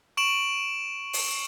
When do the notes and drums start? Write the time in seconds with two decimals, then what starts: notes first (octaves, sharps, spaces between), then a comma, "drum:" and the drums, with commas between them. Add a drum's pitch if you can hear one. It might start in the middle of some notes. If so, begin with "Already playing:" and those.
0.17 C#6 D7 E7 F#7
1.13 drum: open hi-hat